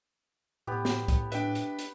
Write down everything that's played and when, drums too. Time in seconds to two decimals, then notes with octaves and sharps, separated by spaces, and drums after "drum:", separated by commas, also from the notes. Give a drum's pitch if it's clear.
0.67 A2 B3 G4
0.85 drum: snare
1.08 drum: kick, hi-hat
1.32 D4 B4 E5 G5, drum: hi-hat
1.55 drum: hi-hat
1.79 drum: hi-hat